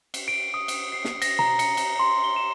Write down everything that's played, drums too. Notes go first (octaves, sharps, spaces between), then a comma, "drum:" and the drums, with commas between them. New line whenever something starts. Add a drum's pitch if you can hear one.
drum: cymbal
D7
D#6
drum: cymbal
C7
drum: snare
A#6, drum: cymbal
A#5, drum: tom B2
C#7, drum: cymbal
drum: cymbal
C6
G7
E7